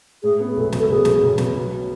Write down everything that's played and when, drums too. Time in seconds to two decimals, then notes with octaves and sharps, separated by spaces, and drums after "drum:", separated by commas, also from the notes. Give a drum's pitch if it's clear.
0.23 A2 G#4
0.40 B3
0.56 B1 A4
0.72 B3, drum: snare
0.80 A4
0.89 B1 G#4
1.05 B3, drum: snare
1.23 B1
1.38 B3, drum: snare
1.54 F#3